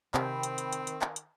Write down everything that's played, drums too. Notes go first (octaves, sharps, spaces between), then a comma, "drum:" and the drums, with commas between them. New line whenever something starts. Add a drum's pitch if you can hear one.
C3 D#3 C4 G5 B5, drum: clap
drum: hi-hat
drum: hi-hat
drum: hi-hat
drum: hi-hat
drum: clap
drum: hi-hat